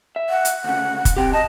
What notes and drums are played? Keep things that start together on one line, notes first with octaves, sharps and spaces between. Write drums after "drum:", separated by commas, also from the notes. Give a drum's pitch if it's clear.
E5
F#5
drum: hi-hat
D2 C#3 F#5
drum: kick, hi-hat
C2 C4 G4 G5
D#5 A5